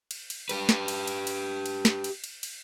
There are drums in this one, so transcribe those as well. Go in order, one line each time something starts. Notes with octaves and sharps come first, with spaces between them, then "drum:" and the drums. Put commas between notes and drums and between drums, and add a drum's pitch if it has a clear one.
drum: cymbal
drum: cymbal
G4 B4, drum: cymbal
drum: snare
drum: cymbal
drum: cymbal
drum: cymbal
drum: cymbal
drum: snare
drum: cymbal
drum: cymbal
drum: cymbal